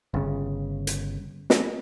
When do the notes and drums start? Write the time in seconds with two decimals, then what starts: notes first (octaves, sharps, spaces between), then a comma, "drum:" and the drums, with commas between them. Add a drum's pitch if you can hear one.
0.14 G1 C#3
0.87 drum: hi-hat
1.50 drum: snare